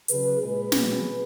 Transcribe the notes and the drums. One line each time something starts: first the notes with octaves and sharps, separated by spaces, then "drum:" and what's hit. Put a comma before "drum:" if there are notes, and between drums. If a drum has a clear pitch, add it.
C#3 F#3 G#4 B4, drum: hi-hat
A#2 G#3 G#4 B4
B2 F#3, drum: snare